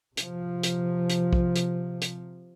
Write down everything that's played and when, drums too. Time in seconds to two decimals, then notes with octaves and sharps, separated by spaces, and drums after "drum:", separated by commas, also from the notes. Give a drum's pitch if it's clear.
0.17 C3 F3, drum: hi-hat
0.63 drum: hi-hat
1.10 drum: hi-hat
1.33 drum: kick
1.56 drum: hi-hat
2.02 drum: hi-hat